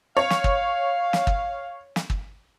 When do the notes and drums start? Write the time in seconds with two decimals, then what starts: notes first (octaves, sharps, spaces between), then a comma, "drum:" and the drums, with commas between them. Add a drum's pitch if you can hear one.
0.17 C#5 F5
0.30 drum: snare
0.44 drum: kick
1.13 drum: snare
1.27 drum: kick
1.96 drum: snare
2.10 drum: kick